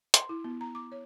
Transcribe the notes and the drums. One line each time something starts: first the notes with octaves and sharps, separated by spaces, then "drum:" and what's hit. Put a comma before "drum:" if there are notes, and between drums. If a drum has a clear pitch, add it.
C6, drum: hi-hat
E4
B3
A#5
D6
C#5